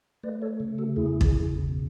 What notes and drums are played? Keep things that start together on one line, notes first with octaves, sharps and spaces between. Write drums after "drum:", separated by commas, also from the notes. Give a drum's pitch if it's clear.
A3 B4 D5
A4 C#5
C#3
F#4 A4
E2 E4 G#4
drum: kick
C#3
B2